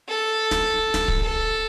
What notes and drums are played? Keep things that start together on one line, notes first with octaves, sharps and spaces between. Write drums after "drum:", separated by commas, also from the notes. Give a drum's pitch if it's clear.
A4
drum: snare
drum: snare
drum: kick
A4